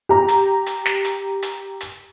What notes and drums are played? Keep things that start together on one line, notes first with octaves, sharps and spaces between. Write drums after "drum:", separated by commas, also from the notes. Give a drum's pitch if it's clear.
G4 A#5
drum: hi-hat
drum: hi-hat
drum: snare
drum: hi-hat
drum: hi-hat
drum: hi-hat